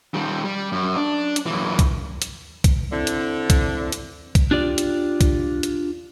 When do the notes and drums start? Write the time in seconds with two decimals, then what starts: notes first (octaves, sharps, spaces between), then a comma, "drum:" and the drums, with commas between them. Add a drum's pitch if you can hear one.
0.14 D#3 G3
0.45 G3
0.72 F#2
0.97 D4
1.36 drum: hi-hat
1.46 F#2 E3
1.79 drum: kick B1, hi-hat
2.22 drum: hi-hat
2.64 drum: kick B1, hi-hat
2.92 D3 C4 E4
3.07 drum: hi-hat
3.50 drum: kick B1, hi-hat
3.92 drum: hi-hat
4.35 drum: kick B1, hi-hat
4.51 D4 F4 G4 D5
4.78 drum: hi-hat
5.21 drum: kick B1, hi-hat
5.63 drum: hi-hat